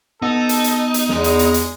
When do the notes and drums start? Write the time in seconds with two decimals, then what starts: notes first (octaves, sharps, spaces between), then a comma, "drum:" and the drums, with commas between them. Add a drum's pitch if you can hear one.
0.22 B3 D#4 A4
0.49 drum: hi-hat
0.64 drum: hi-hat
0.94 drum: hi-hat
1.09 E2 G#3, drum: snare
1.24 drum: hi-hat
1.39 drum: hi-hat
1.54 drum: hi-hat